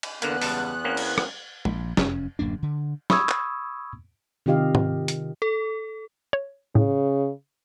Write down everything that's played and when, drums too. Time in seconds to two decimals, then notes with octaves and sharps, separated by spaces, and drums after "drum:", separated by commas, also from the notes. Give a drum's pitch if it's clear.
0.03 drum: cymbal
0.22 E2 D3 A#3 B3 F#6, drum: hi-hat
0.42 C#2 G3 A5, drum: open hi-hat
0.84 A#3 C4 C#4
0.97 drum: cymbal
1.18 drum: rim click
1.65 A#1, drum: tom
1.97 F1 F#2 C#4, drum: snare
2.39 D1 F#2 A#3 D4
2.63 D3
3.10 B5 C#6 D#6 E6 G#6, drum: snare
3.29 drum: clap
4.46 C3 D#3 F4 G4 D#5 F5
4.75 drum: tom
5.08 drum: hi-hat
5.42 A4
6.33 C#5
6.75 A2 C#3